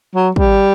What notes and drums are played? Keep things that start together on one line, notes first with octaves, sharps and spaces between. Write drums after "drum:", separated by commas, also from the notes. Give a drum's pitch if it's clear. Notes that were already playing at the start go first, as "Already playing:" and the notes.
F#3
G3, drum: kick